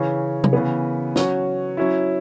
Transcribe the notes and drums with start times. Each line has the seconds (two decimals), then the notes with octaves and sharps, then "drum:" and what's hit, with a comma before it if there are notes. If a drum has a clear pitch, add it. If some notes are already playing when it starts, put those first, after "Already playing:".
Already playing: C#3 E3 C#4
0.44 drum: tom C3
0.53 C#3 E3 B3
1.16 F#3 C#4 F#4, drum: snare
1.77 F#3 C#4 E4